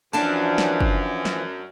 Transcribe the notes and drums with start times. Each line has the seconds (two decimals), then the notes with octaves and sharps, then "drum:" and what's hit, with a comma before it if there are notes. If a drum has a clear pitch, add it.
0.13 F#2 E3 F3 D4 D5 A5
0.58 drum: snare
0.80 drum: kick
1.25 drum: snare